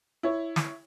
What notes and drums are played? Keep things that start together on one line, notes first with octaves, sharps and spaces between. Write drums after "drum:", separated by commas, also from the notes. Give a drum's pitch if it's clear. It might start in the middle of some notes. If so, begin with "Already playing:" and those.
E4 C#5
drum: snare